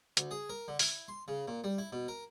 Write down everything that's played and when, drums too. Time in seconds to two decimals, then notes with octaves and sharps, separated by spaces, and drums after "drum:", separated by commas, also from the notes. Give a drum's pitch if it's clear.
0.17 D2, drum: hi-hat
0.31 G#4
0.50 A#4
0.68 D3
0.79 E4, drum: open hi-hat
1.08 C6
1.28 C#3
1.48 A#2
1.64 G3
1.78 E4
1.92 B2
2.08 A#4